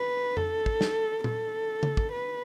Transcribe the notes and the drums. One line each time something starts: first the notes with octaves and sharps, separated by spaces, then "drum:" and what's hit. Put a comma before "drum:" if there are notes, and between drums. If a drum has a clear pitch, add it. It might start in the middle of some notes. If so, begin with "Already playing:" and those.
Already playing: B4
A4, drum: tom F2
drum: kick
drum: snare
A4, drum: tom A#2
drum: tom C#3
drum: kick
B4